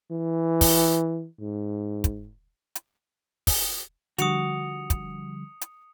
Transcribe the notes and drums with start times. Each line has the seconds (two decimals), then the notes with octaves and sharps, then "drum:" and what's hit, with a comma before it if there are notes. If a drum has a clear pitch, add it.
0.11 E3
0.61 drum: kick, open hi-hat
1.40 G#2
2.04 drum: kick, hi-hat
2.75 drum: hi-hat
3.47 drum: kick, open hi-hat
4.18 D3 F3 G3 F#4 D#6 C#7 F7, drum: hi-hat
4.90 drum: kick, hi-hat
5.61 drum: hi-hat